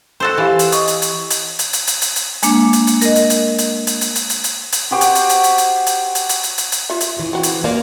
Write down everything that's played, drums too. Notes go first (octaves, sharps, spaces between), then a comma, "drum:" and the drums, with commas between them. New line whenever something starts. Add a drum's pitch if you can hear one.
F#4 A4 C5
E3 G4 F5
drum: hi-hat
D#5 C#6 D#6, drum: hi-hat
drum: hi-hat
drum: hi-hat
drum: hi-hat
drum: hi-hat
drum: hi-hat
drum: hi-hat
drum: hi-hat
drum: hi-hat
G#3 A#3 D4, drum: hi-hat
drum: hi-hat
drum: hi-hat
A#4 D#5, drum: hi-hat
drum: hi-hat
drum: hi-hat
drum: hi-hat
drum: hi-hat
drum: hi-hat
drum: hi-hat
drum: hi-hat
drum: hi-hat
drum: hi-hat
F#4 G4 C5 G5
drum: hi-hat
drum: hi-hat
drum: hi-hat
drum: hi-hat
drum: hi-hat
drum: hi-hat
drum: hi-hat
drum: hi-hat
drum: hi-hat
drum: hi-hat
drum: hi-hat
F4 E5
drum: hi-hat
C#3 E3
C4 F#4
drum: hi-hat
A#3 C#5 D5 F5